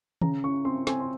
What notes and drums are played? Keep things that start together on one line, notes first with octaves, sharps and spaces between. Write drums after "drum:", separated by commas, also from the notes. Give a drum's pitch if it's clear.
C#3 A#5, drum: tom D#3
C#3 C#6
C4 C6
C4 G#5, drum: snare
C6